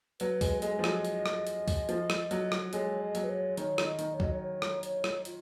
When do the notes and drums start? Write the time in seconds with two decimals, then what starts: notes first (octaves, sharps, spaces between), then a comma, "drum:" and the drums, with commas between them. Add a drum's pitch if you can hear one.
0.20 F#3 B4, drum: hi-hat
0.41 G#3, drum: kick, open hi-hat
0.62 G#3 D#5, drum: hi-hat
0.79 F3
0.84 F#3, drum: rim click
1.05 drum: hi-hat
1.26 drum: rim click
1.47 drum: hi-hat
1.68 drum: kick, open hi-hat
1.89 F3, drum: hi-hat
2.10 drum: rim click
2.31 F#3, drum: hi-hat
2.52 drum: rim click
2.73 G#3 C#5, drum: hi-hat
3.01 D#5
3.15 F#3, drum: hi-hat
3.23 B4
3.29 C#5
3.57 D#3 C#5, drum: hi-hat
3.78 D#3, drum: rim click
3.85 D#5
3.99 D#3, drum: hi-hat
4.13 C#5
4.20 F#3 D#5, drum: kick
4.31 C#5
4.41 C#5
4.62 drum: rim click
4.83 C#5, drum: hi-hat
5.04 drum: rim click
5.25 F4, drum: hi-hat